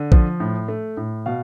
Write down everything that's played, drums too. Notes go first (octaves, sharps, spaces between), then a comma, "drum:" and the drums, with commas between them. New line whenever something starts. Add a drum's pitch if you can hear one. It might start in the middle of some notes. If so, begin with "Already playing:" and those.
Already playing: D3
F3, drum: kick
A2
A3
A2
B2 F5